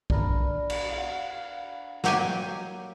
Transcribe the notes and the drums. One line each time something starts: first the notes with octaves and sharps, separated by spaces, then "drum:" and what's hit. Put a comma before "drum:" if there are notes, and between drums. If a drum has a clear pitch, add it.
D4 A#4 B4, drum: kick B1
drum: cymbal
F5 F#5
F#3 A#3 G4 F#5 G#5, drum: snare